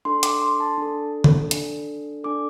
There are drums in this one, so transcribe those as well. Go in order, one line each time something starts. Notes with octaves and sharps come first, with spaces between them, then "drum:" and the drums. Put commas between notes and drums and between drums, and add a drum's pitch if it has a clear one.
D4 A4 C6
D6, drum: hi-hat
C6
A5
D4 A4
drum: tom D3
D4 A4, drum: hi-hat
D4 A4 D6